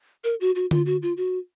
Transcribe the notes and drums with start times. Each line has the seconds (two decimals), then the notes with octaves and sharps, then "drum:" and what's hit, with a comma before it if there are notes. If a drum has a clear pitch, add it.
0.24 A#4
0.40 F#4
0.55 F#4
0.71 F4, drum: tom D3
0.86 F#4
1.02 F4
1.17 F#4